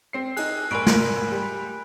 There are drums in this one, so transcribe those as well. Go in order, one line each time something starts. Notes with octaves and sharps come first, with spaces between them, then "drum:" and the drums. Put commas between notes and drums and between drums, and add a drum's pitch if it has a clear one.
C4 C7
D#4 G#4 F#6, drum: cymbal
A#1 G#2 A#4 G#5 B5 C#6 D7
drum: snare
G3